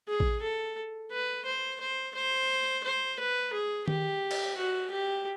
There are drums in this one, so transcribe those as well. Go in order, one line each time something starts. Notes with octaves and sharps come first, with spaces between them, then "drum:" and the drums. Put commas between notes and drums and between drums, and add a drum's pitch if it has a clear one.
G#4
drum: kick A1
A4
B4
C5
C5
C5
C5
B4
G#4
G4, drum: tom D#3
drum: cymbal
F#4
G4